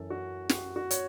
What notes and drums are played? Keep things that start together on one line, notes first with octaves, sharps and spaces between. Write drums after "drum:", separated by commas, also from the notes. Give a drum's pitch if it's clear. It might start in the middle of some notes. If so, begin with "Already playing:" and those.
Already playing: F#2 E3 C#4 A4
F#4
F#4, drum: snare
F#4
C#5, drum: hi-hat